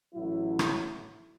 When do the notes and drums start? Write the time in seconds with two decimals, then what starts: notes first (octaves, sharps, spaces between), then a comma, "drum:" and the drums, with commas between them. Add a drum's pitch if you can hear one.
0.14 A1 A2 F#3 A3 E4
0.59 drum: rim click